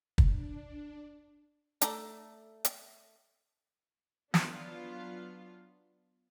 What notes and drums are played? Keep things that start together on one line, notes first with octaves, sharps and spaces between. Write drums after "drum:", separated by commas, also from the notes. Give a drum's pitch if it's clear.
D4, drum: kick
A3 A4 D5 A#5, drum: hi-hat
drum: hi-hat
F#3 B3 D4 F4, drum: snare